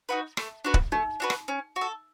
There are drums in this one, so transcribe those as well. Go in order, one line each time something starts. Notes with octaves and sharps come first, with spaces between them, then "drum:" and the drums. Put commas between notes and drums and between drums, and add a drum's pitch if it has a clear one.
D#4 F#4 B4
A3, drum: rim click
D4 F#4 B4
drum: kick D1
A3 D#4
D4 F#4 B4
drum: rim click
C#4
F#4
A4